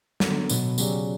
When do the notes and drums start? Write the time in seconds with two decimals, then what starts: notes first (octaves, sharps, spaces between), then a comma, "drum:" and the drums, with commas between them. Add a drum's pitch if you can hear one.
0.20 D3 F#3 B3, drum: snare
0.49 B2 F#3 B3, drum: tambourine
0.78 C#3 F#3 C#4 G4 D5, drum: tambourine